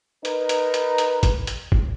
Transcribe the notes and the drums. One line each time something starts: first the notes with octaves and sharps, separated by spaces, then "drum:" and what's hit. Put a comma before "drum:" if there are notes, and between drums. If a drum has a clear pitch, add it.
D#4 A#4 B4, drum: hi-hat
drum: hi-hat
drum: hi-hat
drum: hi-hat
drum: kick, hi-hat
drum: hi-hat
drum: kick